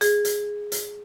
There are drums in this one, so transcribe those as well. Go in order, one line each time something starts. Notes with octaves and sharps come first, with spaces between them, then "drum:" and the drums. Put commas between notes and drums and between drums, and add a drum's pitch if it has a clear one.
G#4, drum: hi-hat
drum: hi-hat
drum: hi-hat